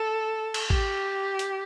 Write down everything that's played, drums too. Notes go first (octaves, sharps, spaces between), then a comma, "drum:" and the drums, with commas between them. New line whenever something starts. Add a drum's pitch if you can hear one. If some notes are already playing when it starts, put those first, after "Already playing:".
Already playing: A4
drum: cymbal
G4, drum: kick
drum: hi-hat